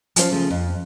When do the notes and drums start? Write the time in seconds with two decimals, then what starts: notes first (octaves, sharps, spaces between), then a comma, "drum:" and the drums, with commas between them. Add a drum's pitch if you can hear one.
0.16 F3 C#4 C5, drum: hi-hat
0.32 C#3 F3 A3
0.50 F2